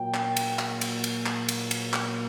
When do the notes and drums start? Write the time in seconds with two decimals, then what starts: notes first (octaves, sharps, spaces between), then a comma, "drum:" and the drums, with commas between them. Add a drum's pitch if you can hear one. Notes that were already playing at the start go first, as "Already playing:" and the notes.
Already playing: A#2 F#3 A#3 G5
0.14 drum: clap
0.37 drum: cymbal
0.59 drum: clap
0.81 drum: cymbal
1.04 drum: cymbal
1.26 drum: clap
1.49 drum: cymbal
1.71 drum: cymbal
1.93 drum: clap